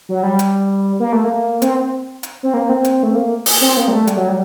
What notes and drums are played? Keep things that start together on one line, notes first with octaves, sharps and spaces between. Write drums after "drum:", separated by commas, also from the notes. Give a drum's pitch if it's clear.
F#3
G3
drum: hi-hat
A#3
A3
A#3
C4, drum: hi-hat
drum: hi-hat
C4
A#3
C4
drum: hi-hat
A3
A#3
drum: open hi-hat
C4
A#3
G3
A3
G3, drum: hi-hat
F#3
G3